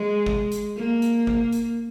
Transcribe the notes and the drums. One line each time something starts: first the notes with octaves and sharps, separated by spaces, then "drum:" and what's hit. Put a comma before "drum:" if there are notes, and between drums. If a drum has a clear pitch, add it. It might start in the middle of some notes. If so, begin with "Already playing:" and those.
Already playing: G#3
drum: kick G#1
drum: hi-hat
A#3
drum: hi-hat
drum: kick G#1
drum: hi-hat